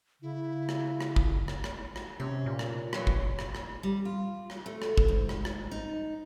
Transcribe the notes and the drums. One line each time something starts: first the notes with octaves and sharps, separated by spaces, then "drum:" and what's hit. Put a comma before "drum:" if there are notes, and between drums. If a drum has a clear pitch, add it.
C#3 E4
drum: rim click
drum: rim click
drum: kick
drum: rim click
drum: rim click
drum: rim click
C3 C#4
A#2
drum: rim click
G2 E3 F#3, drum: rim click
drum: kick
drum: rim click
drum: rim click
G3
F4
drum: rim click
A3
drum: rim click
drum: kick
G#2
drum: rim click
drum: rim click
D#4